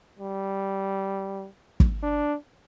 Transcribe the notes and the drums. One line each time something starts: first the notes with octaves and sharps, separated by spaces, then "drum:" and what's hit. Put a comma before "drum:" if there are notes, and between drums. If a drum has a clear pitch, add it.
G3
drum: kick
D4